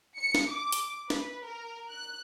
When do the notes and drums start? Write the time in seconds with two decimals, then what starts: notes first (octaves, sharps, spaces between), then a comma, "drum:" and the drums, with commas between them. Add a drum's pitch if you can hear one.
0.17 C#7
0.35 drum: snare
0.50 D6
0.72 drum: hi-hat
1.10 B4, drum: snare
1.44 A#4
1.91 F#6